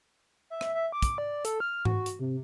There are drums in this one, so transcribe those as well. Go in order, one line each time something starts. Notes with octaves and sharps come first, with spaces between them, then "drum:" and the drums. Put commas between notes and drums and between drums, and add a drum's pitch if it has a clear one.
E5
drum: rim click
E5
D6
drum: kick, hi-hat
D5
A4, drum: hi-hat
F6
F#4, drum: tom G#2
drum: hi-hat
C3